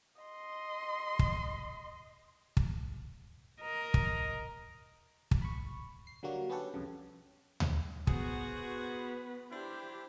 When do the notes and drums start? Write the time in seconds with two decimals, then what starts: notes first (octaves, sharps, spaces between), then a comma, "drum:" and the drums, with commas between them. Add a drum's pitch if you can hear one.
0.21 D#5 C6
1.19 drum: kick
2.57 drum: kick
3.61 A#4 D#5
3.94 drum: kick
5.31 drum: kick
5.42 B5 C#6
6.07 C7
6.23 D3 F#3 G3 A#3 F#4
6.50 B3 C#4 F#4 G4 A4 F#5
6.74 C2 F2 C#3
7.60 drum: tom D2
8.07 B3 F#4 G#4 C5, drum: kick
8.60 B3 B4
9.52 D4 E4 G4 C5